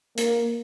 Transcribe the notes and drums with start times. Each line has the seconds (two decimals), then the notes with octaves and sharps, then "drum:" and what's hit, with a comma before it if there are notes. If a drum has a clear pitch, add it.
0.17 A#3, drum: hi-hat